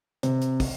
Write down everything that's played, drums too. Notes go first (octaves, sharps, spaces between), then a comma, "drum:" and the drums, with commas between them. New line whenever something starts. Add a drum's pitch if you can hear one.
C3, drum: hi-hat
drum: hi-hat
drum: kick, open hi-hat